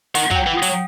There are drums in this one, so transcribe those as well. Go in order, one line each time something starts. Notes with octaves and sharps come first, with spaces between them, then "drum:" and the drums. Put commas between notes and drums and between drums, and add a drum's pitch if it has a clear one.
D#3 F#5, drum: open hi-hat
F#3, drum: kick
G5
E3
D#6
F#3, drum: open hi-hat